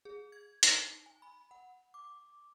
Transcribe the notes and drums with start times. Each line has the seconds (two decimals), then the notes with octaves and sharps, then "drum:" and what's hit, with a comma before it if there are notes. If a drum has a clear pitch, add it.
0.05 G#4
0.32 G#6
0.63 D#4, drum: hi-hat
1.06 G#5
1.22 B5
1.51 F#5
1.94 D6